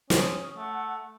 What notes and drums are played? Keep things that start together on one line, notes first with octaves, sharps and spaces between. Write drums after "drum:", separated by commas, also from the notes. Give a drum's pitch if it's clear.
C#4 D#6, drum: snare
A3 F#5